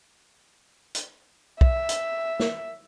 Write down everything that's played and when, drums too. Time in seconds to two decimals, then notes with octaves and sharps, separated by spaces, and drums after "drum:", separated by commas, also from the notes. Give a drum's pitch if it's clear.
0.95 drum: hi-hat
1.61 E5, drum: kick
1.89 drum: hi-hat
2.40 drum: snare